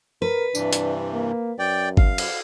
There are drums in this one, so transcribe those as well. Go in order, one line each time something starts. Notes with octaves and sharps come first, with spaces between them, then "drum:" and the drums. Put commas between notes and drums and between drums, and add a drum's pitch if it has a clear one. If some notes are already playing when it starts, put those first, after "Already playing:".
A#4 B4
G2 C3 E3 D4, drum: tambourine
drum: hi-hat
A#3
F#2 D5 G5
F5, drum: kick
drum: cymbal